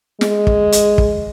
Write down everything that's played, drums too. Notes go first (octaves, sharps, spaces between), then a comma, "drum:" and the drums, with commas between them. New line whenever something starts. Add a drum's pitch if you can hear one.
G#3, drum: snare
drum: kick
drum: hi-hat
drum: kick